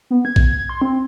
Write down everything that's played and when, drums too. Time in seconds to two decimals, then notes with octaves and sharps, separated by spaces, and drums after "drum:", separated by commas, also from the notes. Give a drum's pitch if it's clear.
0.10 B3
0.25 G#6
0.36 drum: kick A#1
0.51 G#6
0.69 C6
0.82 C4